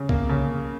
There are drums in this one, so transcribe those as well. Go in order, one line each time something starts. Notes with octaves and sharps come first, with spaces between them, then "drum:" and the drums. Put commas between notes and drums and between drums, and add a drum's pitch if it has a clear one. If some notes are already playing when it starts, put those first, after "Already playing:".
Already playing: C#3
A#3, drum: kick C2
C#3